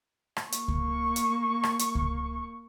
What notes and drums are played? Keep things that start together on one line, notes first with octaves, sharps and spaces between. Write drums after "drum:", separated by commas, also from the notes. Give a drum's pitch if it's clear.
drum: rim click
A#3 C#6, drum: hi-hat
drum: kick C#2
drum: hi-hat
drum: rim click
drum: hi-hat
drum: kick C#2